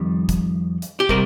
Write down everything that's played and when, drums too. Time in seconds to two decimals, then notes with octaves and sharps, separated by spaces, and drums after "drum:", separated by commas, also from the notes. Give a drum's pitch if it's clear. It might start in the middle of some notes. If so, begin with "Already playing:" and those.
Already playing: F2 D#3 G3
0.29 drum: kick, hi-hat
0.82 drum: hi-hat
1.00 G4
1.09 C3 G3 A#4, drum: kick